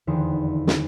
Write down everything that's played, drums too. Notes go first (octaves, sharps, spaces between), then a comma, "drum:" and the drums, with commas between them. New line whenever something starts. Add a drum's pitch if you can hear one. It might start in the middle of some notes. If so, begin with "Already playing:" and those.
F1 E2 D3 D#3 D#4 C5
drum: snare